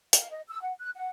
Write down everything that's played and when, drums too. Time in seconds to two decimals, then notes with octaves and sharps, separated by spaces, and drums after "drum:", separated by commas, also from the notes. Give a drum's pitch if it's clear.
0.13 F5, drum: hi-hat
0.30 D#5
0.49 E6
0.61 F#5
0.79 F#6
0.94 F#5